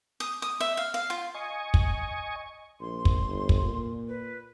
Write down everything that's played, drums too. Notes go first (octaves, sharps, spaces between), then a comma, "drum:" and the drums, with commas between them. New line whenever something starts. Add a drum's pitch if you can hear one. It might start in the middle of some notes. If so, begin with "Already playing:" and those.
D#6
D#6
E5
F5
F5
F4
D#5 G#5 C#6
drum: kick
A#1 C6
drum: kick
G1
drum: kick
A#2
B4